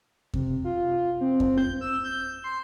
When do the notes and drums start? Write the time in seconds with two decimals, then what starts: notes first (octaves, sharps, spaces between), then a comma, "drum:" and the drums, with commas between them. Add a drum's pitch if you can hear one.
0.34 C3, drum: kick F2
0.65 F4
0.91 F4
1.21 C4
1.40 drum: kick F2
1.58 G6
1.81 E6
2.04 G6
2.44 C6